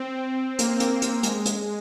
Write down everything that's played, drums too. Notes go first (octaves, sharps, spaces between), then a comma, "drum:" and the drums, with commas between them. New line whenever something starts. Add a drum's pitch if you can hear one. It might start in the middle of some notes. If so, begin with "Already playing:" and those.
Already playing: C4
A#3, drum: hi-hat
drum: hi-hat
drum: hi-hat
G#3, drum: hi-hat
drum: hi-hat